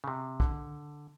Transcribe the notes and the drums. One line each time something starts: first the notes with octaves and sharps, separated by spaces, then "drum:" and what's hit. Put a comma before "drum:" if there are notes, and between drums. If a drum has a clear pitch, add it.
C#3
C3
D3, drum: kick